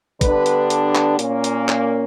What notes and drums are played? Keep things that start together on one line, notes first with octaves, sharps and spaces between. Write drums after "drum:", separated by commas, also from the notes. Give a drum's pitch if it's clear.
D3 G3 B3 D4 B4, drum: kick, hi-hat
drum: hi-hat
drum: hi-hat
drum: clap
A#2 A#3 C#4, drum: hi-hat
drum: hi-hat
drum: clap